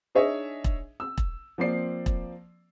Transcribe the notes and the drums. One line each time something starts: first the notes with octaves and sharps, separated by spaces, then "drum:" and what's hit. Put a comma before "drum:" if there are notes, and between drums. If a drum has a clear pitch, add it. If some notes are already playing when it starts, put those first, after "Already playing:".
D4 D#4 G#4 C#5 D#5 E5
drum: kick E1
E6
drum: kick E1
F3 A#3 C4 D5 C7
drum: kick E1